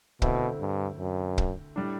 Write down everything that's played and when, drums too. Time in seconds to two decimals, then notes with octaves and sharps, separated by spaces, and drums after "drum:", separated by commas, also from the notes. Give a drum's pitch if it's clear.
0.22 D2 B2 D3 A3 C4 E4, drum: kick
0.61 G2
0.99 F#2
1.38 drum: kick
1.76 A2 G3 D4